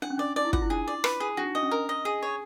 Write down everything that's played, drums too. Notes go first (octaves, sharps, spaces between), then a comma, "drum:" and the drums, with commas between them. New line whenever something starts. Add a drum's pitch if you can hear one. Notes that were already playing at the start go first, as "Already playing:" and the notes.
D4 F#5
C#4
D4 D5
D#4 D5
E4
F4 F#5, drum: kick
E4
D4 G#4
D5
B4, drum: rim click
G#4
D4 F#4
D#4
D4 D#5
C#4
D4 A#4
D#5
G#4
C#5